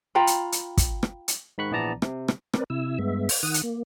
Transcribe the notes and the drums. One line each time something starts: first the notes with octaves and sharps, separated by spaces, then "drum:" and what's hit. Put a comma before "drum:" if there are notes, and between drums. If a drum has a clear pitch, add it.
F4 G5 A#5 B5
drum: hi-hat
drum: hi-hat
drum: kick, hi-hat
drum: rim click
drum: hi-hat
G#2 D#3 B5 C#6 F#6
A#1 E3 B3 D5 A5 A#5
C3, drum: rim click
drum: rim click
C4 A#4 B4 D5, drum: rim click
C3 E4 E6
G2 G#3 B3 E5
drum: open hi-hat
D#3 F#5 D#6
drum: hi-hat
A#3